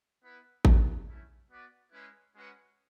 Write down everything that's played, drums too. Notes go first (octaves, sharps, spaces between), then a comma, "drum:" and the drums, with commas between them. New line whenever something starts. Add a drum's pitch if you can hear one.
B3 E4 B4
C#4 F#4 C#5 F#5, drum: kick G#1
A3 C#4 E4
B3 F#4 B4 D5
G#3 C#4 E4 B4
G#3 C#4 F#4 B4 F#5